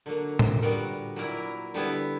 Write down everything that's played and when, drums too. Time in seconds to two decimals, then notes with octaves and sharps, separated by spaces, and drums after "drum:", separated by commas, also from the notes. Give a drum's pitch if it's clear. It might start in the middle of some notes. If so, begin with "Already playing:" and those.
0.06 D3 F#3 A#3
0.39 drum: tom A2
0.62 A#2 G3 B3 F#4 A#4
1.16 A#2 F#3 A#3 E4 A#4
1.74 D3 G3 B3 E4